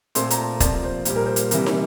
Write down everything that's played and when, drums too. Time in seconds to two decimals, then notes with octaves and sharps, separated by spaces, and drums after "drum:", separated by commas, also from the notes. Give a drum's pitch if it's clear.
0.15 A#2 A3 C4 C6, drum: hi-hat
0.30 A#5, drum: hi-hat
0.38 A5
0.60 C3 F3 A#3 D5, drum: kick, hi-hat
0.84 C5
1.05 A#2 G3 A#3 C5, drum: hi-hat
1.16 A#4
1.26 C5
1.36 drum: hi-hat
1.51 C3 E3 G3 A#3, drum: hi-hat
1.66 drum: snare